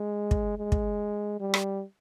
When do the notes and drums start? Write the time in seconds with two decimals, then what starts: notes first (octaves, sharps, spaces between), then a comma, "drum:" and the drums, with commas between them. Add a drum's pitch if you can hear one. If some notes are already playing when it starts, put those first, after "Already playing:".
Already playing: G#3
0.31 drum: kick
0.58 G#3
0.72 drum: kick
1.40 G3
1.54 drum: rim click